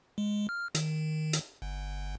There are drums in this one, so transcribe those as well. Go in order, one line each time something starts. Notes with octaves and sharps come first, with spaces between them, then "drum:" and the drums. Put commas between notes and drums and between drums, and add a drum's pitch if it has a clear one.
G#3
F6
D#3, drum: hi-hat
drum: hi-hat
G1